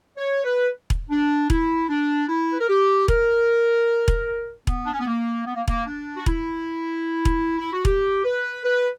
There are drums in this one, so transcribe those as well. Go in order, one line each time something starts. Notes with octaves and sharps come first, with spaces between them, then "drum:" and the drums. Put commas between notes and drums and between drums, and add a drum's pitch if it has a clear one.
C#5
B4
drum: kick E1
D4
E4, drum: kick E1
D4
E4
B4
A#4
G4
A#4, drum: kick E1
drum: kick E1
B3, drum: kick E1
D4
C#4
B3
A#3
B3
A#3
A#3, drum: kick E1
D4
F#4
E4, drum: kick E1
drum: kick E1
E4
F#4
G4, drum: kick E1
B4
B4